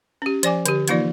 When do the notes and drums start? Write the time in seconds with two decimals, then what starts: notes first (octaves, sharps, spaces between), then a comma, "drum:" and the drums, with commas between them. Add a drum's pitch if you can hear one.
0.22 C#4 G4
0.43 F3 D5 G#5 D6, drum: hi-hat
0.66 D3 G4, drum: hi-hat
0.88 E3 F3 A#3 D#4 F4 D5, drum: hi-hat